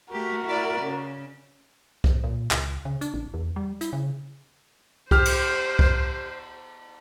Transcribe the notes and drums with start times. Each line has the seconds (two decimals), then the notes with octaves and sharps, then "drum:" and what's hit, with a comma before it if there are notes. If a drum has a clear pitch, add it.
0.13 A3 F#4 G4 A#4
0.45 E4 D5
0.82 C#3
2.04 drum: kick C2
2.24 A#2
2.51 C#2, drum: clap
2.85 C#3
3.01 D4, drum: hi-hat
3.14 A1
3.34 E2
3.56 G3
3.81 E4, drum: hi-hat
3.93 C#3
5.11 G4 C5 F6, drum: kick C2
5.25 drum: cymbal
5.79 drum: kick C2